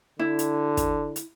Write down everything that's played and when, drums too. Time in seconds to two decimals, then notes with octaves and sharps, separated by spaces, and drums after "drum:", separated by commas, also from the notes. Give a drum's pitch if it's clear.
0.19 D3 E4
0.39 drum: hi-hat
0.77 drum: kick, hi-hat
1.16 drum: hi-hat